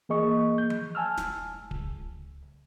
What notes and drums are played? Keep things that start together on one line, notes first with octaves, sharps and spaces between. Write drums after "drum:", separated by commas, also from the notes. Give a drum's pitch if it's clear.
E3 A#3 G#4 D#5 C#6
G6
drum: tom F3
G#5 A5 E6 F6
drum: snare
C#2, drum: kick D1